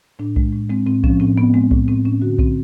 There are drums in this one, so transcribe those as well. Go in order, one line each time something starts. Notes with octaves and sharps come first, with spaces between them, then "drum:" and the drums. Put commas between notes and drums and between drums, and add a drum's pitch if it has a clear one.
A2 D4
G#3, drum: kick B1
A2
G#3 C4
A2 C4
F3 C#4, drum: kick B1
A2 C4
A2 B3
G#3 C4
A2, drum: kick B1
A2 C4
A2 C#4
D3 F#4
D3 C4, drum: kick B1